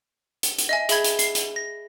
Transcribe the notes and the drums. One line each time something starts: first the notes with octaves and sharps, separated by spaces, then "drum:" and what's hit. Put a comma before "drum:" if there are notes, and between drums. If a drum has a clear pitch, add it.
drum: hi-hat
drum: hi-hat
D#5 E5 G#5
G#4 E5 B5 G#6, drum: hi-hat
drum: hi-hat
C7, drum: hi-hat
drum: hi-hat
A#6